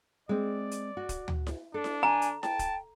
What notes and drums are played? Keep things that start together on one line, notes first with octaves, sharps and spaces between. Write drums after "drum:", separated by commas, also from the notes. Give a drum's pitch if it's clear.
G#3 C4 D5
drum: hi-hat
F#4
drum: kick, hi-hat
drum: tom D2
drum: snare E4
D4 A4
drum: snare E4
G#5 A#5
drum: hi-hat
G5 A5, drum: snare E4
drum: kick, hi-hat